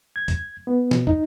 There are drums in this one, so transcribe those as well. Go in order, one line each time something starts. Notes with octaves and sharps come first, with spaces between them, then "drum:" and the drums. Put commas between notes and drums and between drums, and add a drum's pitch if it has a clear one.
G#6
drum: kick, hi-hat
B3
B2, drum: snare
D#4, drum: kick